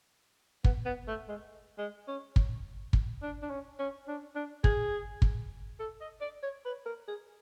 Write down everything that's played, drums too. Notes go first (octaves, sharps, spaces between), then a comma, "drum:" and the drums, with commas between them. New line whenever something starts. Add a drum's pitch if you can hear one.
B3, drum: kick
B3
A3
G#3
G#3
C#4
drum: kick
drum: kick
D4
D4
C#4
C#4
D4
D4
G#4, drum: kick
drum: kick
A4
D#5
D5
C#5
B4
A#4
G#4